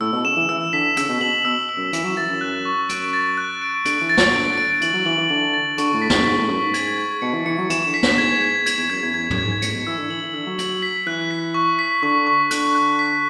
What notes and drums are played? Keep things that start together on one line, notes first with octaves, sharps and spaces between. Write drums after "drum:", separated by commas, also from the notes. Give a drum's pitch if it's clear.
A2 E6
B2
C#3 E7
E3
E3 E6
D3 B6
C#3 E6, drum: hi-hat
B2
B2 F#7
B2 E6
E6
F#2
E3 E7, drum: hi-hat
F#3
E3 A6
F#2
F#6
C#6
F#2 D7, drum: hi-hat
A6
F#6
D7
D3 D7, drum: hi-hat
E3
A6
F#3, drum: snare
D3 D7
D7
E3 F#7, drum: hi-hat
F#3
E3 F#7
E3
D3 F#7
A6
D3 C#6, drum: hi-hat
A2
B6
G#2, drum: snare
F#2
G#2 B6
A2
F#2 C#6
G#2
G#6, drum: hi-hat
G#6
B2 C#7
E3
E3 C#7
F#3
E3 E7, drum: hi-hat
D3
B6
D3, drum: snare
G#2 G#6
G#6
G#6, drum: hi-hat
E2
F#2 G#6
E2
E2 G#6
F#2, drum: tom
G#6
G#2
A2 C#7, drum: hi-hat
B2
E3 E6
D3
E3 F#7
E3
D3 E6
F#3
F#7, drum: hi-hat
B6
E3 F#6
B6
C#6
B6
D3 C#6
C#6
D3 F#6, drum: hi-hat
F#6
B6